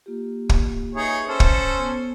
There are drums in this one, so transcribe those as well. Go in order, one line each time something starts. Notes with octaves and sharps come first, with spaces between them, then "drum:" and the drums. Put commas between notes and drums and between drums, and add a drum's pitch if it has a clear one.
A#3 F4 G4
drum: kick
D#4 G#4 B4 C#5 E5
C#4 A4 C5
drum: kick
B3